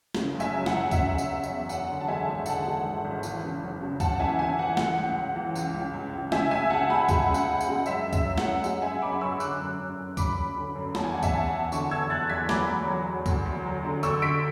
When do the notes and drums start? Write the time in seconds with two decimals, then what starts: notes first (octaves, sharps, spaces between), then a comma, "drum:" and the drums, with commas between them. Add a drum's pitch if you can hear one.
0.15 C#3, drum: snare
0.35 F#1
0.40 E5 G#5, drum: tambourine
0.54 F#3
0.66 F#5, drum: snare
0.73 F#1
0.91 C#3 E5, drum: kick C#2, tambourine
1.06 F#5
1.11 C#3
1.18 E5, drum: tambourine
1.31 C#3
1.43 E5, drum: tambourine
1.50 E2
1.69 F#2 F#5, drum: tambourine
1.89 D3
2.01 A5
2.08 G#3 E5 G#5
2.28 G#1
2.46 D3 F#5 A5, drum: tambourine
2.66 G#3
2.84 G#1
3.04 G#1
3.23 E3, drum: tambourine
3.42 C#3
3.62 F#1
3.81 C#3
4.00 F#1 F#5 A5, drum: kick C#2, tambourine
4.20 E3 E5 G#5
4.39 C#3 E5 G#5
4.59 E3 F#5
4.77 E3 F#5, drum: snare
4.98 C#2
5.16 C#2
5.36 E3
5.55 C#2, drum: tambourine
5.74 C#2
5.94 C#2
6.13 C#2
6.32 C#3 E5 G#5, drum: snare
6.51 C#2 E5 G#5
6.70 C#3 F#5 A5
6.89 G#3 G#5 B5
7.09 G#3 F#5, drum: kick C#2, tambourine
7.28 C#3
7.34 F#5, drum: tambourine
7.48 C#2
7.61 F#5, drum: tambourine
7.67 G#3
7.86 F#2 E5, drum: tambourine
8.06 F#2
8.13 E5, drum: kick C#2, tambourine
8.25 F#2
8.38 F#5, drum: snare
8.44 F#2
8.64 G#3 F#5, drum: tambourine
8.82 F#2 E5 G#5
9.02 F#2 B5 D6
9.21 F#2 C#6 E6
9.40 D3 D6 F#6, drum: tambourine
9.60 F#2
9.79 F#2
9.98 F#2
10.17 F#2 B5 D6, drum: kick C#2, tambourine
10.37 F#2
10.56 D3
10.75 F#2
10.95 E2 A5, drum: snare
11.04 G#5
11.14 E2 F#5
11.23 E5 G#5, drum: kick C#2, tambourine
11.33 E2 F#5 A5
11.53 E2
11.72 D3 A5 C#6, drum: tambourine
11.91 E2 E6 G#6
12.10 E2 F#6 A6
12.29 E2 G#6 B6
12.49 F#3 B5 D6, drum: snare
12.69 D2
12.87 F#3
13.07 F#3
13.26 D2, drum: kick C#2, tambourine
13.46 D2
13.66 F#3
13.84 D3
14.03 D2 C#6 E6, drum: tambourine
14.22 D3 B6 D7